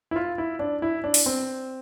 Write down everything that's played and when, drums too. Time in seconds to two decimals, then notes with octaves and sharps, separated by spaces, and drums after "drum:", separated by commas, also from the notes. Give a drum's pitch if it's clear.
0.11 E4
0.16 F4
0.38 E4
0.59 D4
0.82 E4
1.04 D4
1.14 drum: open hi-hat
1.26 C4